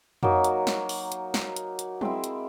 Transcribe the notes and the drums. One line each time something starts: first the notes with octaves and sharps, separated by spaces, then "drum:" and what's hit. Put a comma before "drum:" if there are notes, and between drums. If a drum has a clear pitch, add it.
F#3 A#3 D#4, drum: tom F2
drum: hi-hat
drum: snare
drum: open hi-hat
drum: hi-hat
drum: snare
drum: hi-hat
drum: hi-hat
G#3 C4 E4, drum: tom F#3
drum: hi-hat